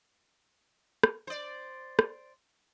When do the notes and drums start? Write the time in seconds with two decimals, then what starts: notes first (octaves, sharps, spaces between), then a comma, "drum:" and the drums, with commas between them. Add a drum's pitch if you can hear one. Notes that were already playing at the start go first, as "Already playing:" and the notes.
1.03 drum: rim click
1.27 C5 D5
1.99 drum: rim click